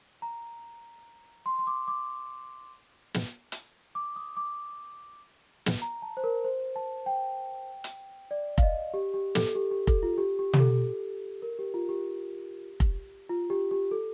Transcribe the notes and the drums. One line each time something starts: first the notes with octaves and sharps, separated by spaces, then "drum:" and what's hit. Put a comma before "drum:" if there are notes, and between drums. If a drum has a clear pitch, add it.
A#5
C6
C6
D6
D6
drum: snare
drum: hi-hat
D6
D#6
D6
drum: snare
A#5
A5
C5
A#4
C5
A5
G5
drum: hi-hat
D5
F5, drum: kick F1
D#5
G4
G4
A4, drum: snare
G4
G4
A4, drum: kick F1
F4
G4
G4
G4, drum: tom
A4
A#4
G4
F4
G4
drum: kick F1
F4
G4
G4
A4